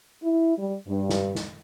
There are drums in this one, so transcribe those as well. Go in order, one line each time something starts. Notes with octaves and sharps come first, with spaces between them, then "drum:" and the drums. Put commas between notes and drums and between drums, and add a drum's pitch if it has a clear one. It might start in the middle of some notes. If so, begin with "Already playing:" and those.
E4
G3
G2
drum: snare
drum: snare